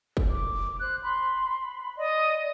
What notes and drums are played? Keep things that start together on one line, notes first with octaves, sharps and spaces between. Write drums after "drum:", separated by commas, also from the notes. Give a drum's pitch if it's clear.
drum: kick
D6
C5 F#6
B5 C6
D5 D#5